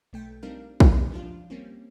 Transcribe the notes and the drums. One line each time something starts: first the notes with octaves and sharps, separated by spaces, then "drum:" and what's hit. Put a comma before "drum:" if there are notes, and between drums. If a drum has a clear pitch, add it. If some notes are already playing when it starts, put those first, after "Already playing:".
B1 A3 G5
G3 C4 D4 D#4 A#4 F5
drum: kick
F3 D4 F4
G3 A#3 C4 C#4